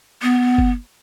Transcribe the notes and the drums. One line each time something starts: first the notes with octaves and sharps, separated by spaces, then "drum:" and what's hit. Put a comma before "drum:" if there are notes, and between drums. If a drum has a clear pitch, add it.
B3
drum: kick G1